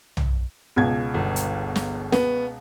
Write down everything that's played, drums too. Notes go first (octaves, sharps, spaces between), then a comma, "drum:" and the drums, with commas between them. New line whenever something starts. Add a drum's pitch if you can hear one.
drum: tom B1
C#2 B2 G#6
G1
drum: hi-hat
drum: snare
B3, drum: snare